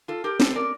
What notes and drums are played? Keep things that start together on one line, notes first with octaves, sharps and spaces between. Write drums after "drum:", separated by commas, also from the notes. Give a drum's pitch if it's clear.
F4 A4
G4 A#4
A4 C5, drum: snare
A#4 D5